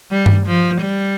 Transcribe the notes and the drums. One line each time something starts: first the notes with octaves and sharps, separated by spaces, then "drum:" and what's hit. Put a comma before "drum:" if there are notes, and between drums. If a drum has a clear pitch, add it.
G3
drum: tom G2
F3
G3